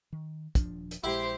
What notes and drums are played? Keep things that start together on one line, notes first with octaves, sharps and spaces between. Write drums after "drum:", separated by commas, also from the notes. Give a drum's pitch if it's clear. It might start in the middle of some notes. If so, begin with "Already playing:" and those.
D#3
D#1 F3 D4, drum: kick, hi-hat
drum: hi-hat
A#1 G#3 E4 G4 C5 C6